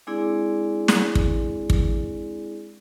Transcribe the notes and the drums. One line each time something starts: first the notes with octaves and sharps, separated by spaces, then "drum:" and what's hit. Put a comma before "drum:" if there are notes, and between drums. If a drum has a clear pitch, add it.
G#3 C4 D4 E4 G#4 D5
drum: snare
drum: kick
drum: kick